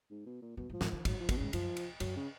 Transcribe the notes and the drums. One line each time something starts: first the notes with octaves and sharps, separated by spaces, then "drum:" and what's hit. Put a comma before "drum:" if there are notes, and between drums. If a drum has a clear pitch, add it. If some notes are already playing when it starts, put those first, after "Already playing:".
G#2
B2
A#2
F#2 B2
G#2
F3
G#2, drum: snare
D#3 F3
G#2 F#3, drum: kick, cymbal
F3
F#2 B2, drum: kick, cymbal
G#2 C#3
F#2 F3, drum: cymbal
drum: cymbal
F#2 F#3, drum: cymbal
C#3